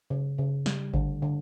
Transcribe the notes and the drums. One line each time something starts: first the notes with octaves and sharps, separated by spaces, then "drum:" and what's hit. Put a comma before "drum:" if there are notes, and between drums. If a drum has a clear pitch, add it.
C#3
C#3
G3, drum: snare
D3, drum: kick G#1
D3